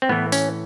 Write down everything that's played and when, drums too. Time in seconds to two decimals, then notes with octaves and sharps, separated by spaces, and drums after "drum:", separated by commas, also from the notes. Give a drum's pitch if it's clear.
0.02 C4
0.09 A2 E3 B3
0.32 C#4, drum: tambourine